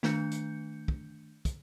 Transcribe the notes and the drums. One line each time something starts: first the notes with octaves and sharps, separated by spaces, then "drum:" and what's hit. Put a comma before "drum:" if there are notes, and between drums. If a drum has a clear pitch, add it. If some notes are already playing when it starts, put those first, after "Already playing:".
D#3 A3 D4 G6 C#7, drum: snare
drum: hi-hat
drum: kick
drum: kick, hi-hat